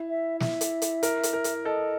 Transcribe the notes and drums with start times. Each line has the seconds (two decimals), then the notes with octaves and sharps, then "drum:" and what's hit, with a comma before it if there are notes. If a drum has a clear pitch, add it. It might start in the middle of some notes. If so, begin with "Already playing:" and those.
Already playing: E4
0.09 E5
0.40 E5, drum: snare
0.61 drum: hi-hat
0.82 drum: hi-hat
1.03 A#4, drum: hi-hat
1.23 drum: hi-hat
1.33 A#4
1.44 drum: hi-hat
1.65 A4 D#5